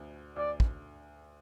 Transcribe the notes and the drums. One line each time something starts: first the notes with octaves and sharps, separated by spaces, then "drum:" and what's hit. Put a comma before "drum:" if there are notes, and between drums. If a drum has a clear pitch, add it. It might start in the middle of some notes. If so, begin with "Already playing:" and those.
Already playing: D2 D3
D2 D5
drum: kick